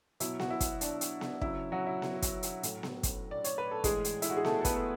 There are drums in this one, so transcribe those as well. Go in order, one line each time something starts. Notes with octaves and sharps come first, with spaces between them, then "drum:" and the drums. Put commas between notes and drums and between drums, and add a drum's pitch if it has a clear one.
B2 F#3 E4, drum: hi-hat
F#4, drum: snare B3
E4
drum: kick, hi-hat
D4, drum: hi-hat
drum: hi-hat
drum: snare B3
C#3 F#3 E4, drum: kick
F#3 F#4
E4
drum: snare B3
drum: kick, hi-hat
drum: hi-hat
A2 F#3, drum: hi-hat
drum: snare B3
drum: kick, hi-hat
D5
C#5, drum: hi-hat
B4
A4
A2 E3 G#3 G#4, drum: kick, hi-hat
drum: hi-hat
E4, drum: hi-hat
F#4
G#4
A3 A4, drum: snare B3
A4
B3 B4, drum: kick, hi-hat
A4